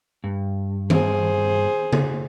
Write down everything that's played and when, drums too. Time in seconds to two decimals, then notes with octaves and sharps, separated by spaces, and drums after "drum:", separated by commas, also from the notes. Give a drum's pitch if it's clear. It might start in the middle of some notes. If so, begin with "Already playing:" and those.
0.24 G2
0.90 G#4 C5, drum: tom D#3
1.93 drum: tom C#3